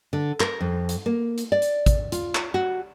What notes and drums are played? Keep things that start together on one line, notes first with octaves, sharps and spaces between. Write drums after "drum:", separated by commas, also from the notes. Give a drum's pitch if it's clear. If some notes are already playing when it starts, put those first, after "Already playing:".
D3
A#4, drum: clap
F2
drum: hi-hat
A#3
drum: hi-hat
D5
drum: hi-hat
drum: kick, hi-hat
F4, drum: hi-hat
drum: clap
F#4